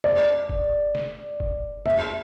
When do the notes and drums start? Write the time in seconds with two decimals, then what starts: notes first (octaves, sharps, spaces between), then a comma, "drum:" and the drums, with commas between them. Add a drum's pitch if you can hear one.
0.04 D5, drum: snare
0.49 drum: kick
0.95 drum: snare
1.40 drum: kick
1.86 E5, drum: snare